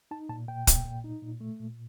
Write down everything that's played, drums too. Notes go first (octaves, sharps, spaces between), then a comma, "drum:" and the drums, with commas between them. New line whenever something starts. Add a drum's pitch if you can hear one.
D#4 A5
A#2 A5
A#2 G5
A#2, drum: kick, hi-hat
A#2
D#4
A#2
A3
A#2